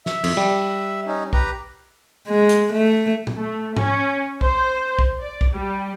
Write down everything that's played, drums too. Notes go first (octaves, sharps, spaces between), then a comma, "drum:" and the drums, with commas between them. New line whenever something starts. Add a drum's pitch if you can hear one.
E5, drum: snare
F2, drum: cymbal
G3
C#4 D#4
G4 B4 A#5, drum: kick
G#3
drum: hi-hat
A3
drum: tom A#2
A3
C#4, drum: tom G#2
C5, drum: kick
drum: kick
D5
drum: kick
G3